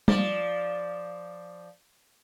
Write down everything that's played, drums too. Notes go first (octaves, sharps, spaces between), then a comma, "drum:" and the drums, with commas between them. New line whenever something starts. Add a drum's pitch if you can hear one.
F3 D5, drum: tom G3